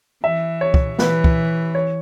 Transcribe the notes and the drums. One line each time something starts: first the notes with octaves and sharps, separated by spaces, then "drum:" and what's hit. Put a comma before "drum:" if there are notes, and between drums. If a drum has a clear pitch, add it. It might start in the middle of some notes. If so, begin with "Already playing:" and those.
E3 E5
C#5
drum: kick
E3 B4, drum: snare
drum: kick
C#5